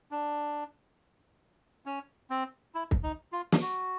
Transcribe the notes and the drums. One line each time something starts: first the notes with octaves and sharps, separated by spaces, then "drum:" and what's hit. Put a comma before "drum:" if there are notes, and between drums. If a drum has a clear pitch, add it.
D4
C#4
C4
E4
drum: kick C2
D#4
F4
drum: snare
F#4